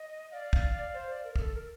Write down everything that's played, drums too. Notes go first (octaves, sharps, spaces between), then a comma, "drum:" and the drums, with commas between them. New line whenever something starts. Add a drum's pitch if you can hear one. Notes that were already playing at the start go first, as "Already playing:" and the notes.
Already playing: D#5
D5 F5
drum: kick
C5
D5
A#4
A#4, drum: kick
A4
A#4